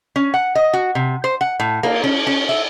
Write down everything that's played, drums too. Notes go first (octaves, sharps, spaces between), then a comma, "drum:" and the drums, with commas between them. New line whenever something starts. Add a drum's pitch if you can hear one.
C#4
F#5
D#5
F#4
C3
C5
F#5
A2
A#3, drum: cymbal
C#4
C#4
E5